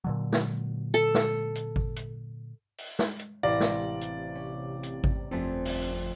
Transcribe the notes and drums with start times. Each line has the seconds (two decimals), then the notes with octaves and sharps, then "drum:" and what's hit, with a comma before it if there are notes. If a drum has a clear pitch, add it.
0.04 A#2 D3 F#3
0.32 drum: snare
0.94 A4
1.14 drum: snare
1.55 drum: hi-hat
1.76 drum: kick G#1
1.96 drum: hi-hat
2.78 drum: open hi-hat
2.99 drum: snare
3.19 drum: hi-hat
3.43 A1 C3 E4 D5 F5 A#6
3.60 drum: snare
4.01 drum: hi-hat
4.35 C#4
4.83 drum: hi-hat
5.04 drum: kick G#1
5.31 G1 F2 A3 C4 G#4
5.65 drum: open hi-hat